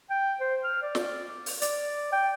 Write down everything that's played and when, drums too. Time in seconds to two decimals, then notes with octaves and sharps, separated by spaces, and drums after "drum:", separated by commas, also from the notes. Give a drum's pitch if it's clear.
0.10 G5
0.40 C5
0.64 F6
0.82 D5
0.95 drum: snare
1.46 drum: open hi-hat
1.62 D5, drum: hi-hat
2.12 G5